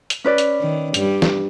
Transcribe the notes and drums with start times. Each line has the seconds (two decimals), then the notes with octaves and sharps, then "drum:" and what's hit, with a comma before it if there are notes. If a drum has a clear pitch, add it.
0.10 drum: hi-hat
0.24 C#4 B4 D5
0.38 drum: hi-hat
0.61 D#3
0.94 G2 G3, drum: hi-hat
1.22 drum: snare